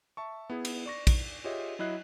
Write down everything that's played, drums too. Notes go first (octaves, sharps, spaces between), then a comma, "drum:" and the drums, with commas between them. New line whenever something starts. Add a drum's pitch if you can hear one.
E5 A5 C#6
B3 E4 G#4
drum: cymbal
D5 C#6 A#6
drum: kick, cymbal
F4 G4 G#4 C#5 D#5 E5
F#3 E4 D#5 F#6 C7